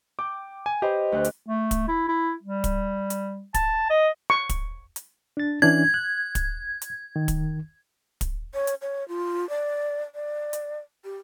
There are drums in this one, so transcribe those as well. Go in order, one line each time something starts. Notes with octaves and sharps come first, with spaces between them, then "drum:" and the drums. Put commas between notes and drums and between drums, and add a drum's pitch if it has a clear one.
G5 D6
G#5
G4 B4 C5 D#5
D2 D3 F#6
drum: hi-hat
A3
drum: kick, hi-hat
E4
E4
G3
drum: kick, hi-hat
drum: hi-hat
A5, drum: kick, hi-hat
D#5
C#6
drum: kick, hi-hat
drum: hi-hat
D4 A6
E3 C#4 D4 G#6
F#6
drum: kick, hi-hat
drum: hi-hat
D#3
drum: kick, hi-hat
drum: kick, hi-hat
C#5
drum: hi-hat
C#5
F4
D5
D5
drum: hi-hat
G4